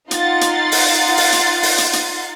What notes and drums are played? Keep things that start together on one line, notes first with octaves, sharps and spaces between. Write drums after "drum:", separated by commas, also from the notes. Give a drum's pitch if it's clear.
D#4 F4 F#5 C6 A6, drum: hi-hat
drum: hi-hat
drum: open hi-hat
drum: open hi-hat
drum: hi-hat
drum: open hi-hat
drum: hi-hat
drum: hi-hat